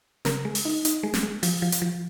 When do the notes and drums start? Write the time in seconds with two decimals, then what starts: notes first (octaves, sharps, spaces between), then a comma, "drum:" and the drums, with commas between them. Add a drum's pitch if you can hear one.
0.25 C#3 A#4, drum: snare
0.45 G#3
0.55 drum: open hi-hat
0.65 D#4
0.85 D#4, drum: hi-hat
1.03 G#3
1.14 drum: snare
1.23 G#3
1.43 F3, drum: open hi-hat
1.62 F3
1.72 drum: hi-hat
1.82 F3